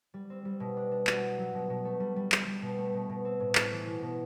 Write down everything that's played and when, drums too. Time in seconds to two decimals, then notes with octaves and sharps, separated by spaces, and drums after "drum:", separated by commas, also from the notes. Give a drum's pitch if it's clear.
0.14 G3
0.30 C4
0.45 G3
0.60 B2
0.77 D4
0.91 D4
1.07 F#4, drum: clap
1.22 G3
1.38 F#3
1.54 B2
1.70 B2
1.85 A3
2.00 G3
2.16 G3
2.32 G3, drum: clap
2.47 G3
2.62 B2
2.78 A3
2.94 B2
3.10 B2
3.25 C4
3.40 A2
3.55 A3, drum: clap
3.72 E3
3.86 B2
4.02 B2